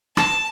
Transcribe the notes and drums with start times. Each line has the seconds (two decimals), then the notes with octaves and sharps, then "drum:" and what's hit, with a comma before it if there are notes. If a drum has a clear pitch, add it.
0.17 A5, drum: rim click